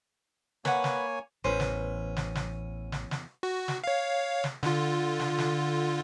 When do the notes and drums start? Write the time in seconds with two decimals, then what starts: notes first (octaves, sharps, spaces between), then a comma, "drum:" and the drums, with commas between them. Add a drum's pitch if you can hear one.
0.65 A#3 B4 C#5 F#5 G#5, drum: snare
0.84 drum: snare
1.44 A1 E2 C#4 B4 C5
1.60 drum: snare
2.16 drum: snare
2.35 drum: snare
2.92 drum: snare
3.11 drum: snare
3.43 F#4
3.68 drum: snare
3.84 C#5 F5
4.44 drum: snare
4.63 D3 F4, drum: snare
5.20 drum: snare
5.38 drum: snare